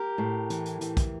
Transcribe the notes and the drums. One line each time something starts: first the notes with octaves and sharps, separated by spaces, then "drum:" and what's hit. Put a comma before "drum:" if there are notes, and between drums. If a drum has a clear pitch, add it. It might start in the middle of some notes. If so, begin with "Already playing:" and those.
Already playing: G4 A#4
A2
E3, drum: hi-hat
drum: hi-hat
E3, drum: hi-hat
drum: kick A#1, hi-hat